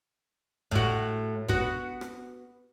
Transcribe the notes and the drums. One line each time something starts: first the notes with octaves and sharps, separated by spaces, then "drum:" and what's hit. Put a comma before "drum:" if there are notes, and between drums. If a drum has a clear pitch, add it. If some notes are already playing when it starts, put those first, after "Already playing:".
A2 F#4, drum: kick G#1
B3 F#4, drum: kick G#1
drum: rim click